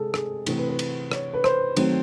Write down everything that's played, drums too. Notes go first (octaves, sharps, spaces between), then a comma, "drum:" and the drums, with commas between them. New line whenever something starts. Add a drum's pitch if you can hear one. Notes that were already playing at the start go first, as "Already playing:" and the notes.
Already playing: C3 G#3 G#4 A4
G#4, drum: rim click
C3 E3 A3 C4, drum: cymbal
B4
B4
drum: cymbal
C#5, drum: rim click
B4
C5, drum: rim click
D#3 F#3 A3 C4, drum: cymbal